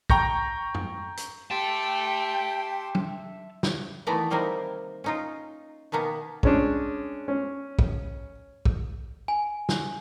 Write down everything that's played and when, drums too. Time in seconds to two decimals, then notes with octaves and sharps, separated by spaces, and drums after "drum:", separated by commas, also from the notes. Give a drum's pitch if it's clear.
0.10 G5 A#5 C#6 G6 A#6, drum: kick
0.75 drum: tom F#2
1.17 drum: hi-hat
1.51 G4 E5 G5 A5 C6
2.95 drum: tom F#3
3.63 drum: snare
4.07 D#3 E3 A3 B3 D5 A#5
4.30 C3 G3 A#3 C4 D#4 A#4
5.04 C#4 D#4 F4
5.92 B2 D#3 A#3 B3
6.43 G#3 C#4 D4, drum: kick
7.28 C#4
7.79 drum: kick
8.65 drum: kick
9.28 G#5
9.69 drum: snare